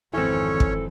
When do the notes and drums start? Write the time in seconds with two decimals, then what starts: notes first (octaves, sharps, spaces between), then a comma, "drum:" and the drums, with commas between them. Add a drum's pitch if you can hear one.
0.13 G#1 F2 E3 C4 C#4 A4 C#5
0.60 drum: kick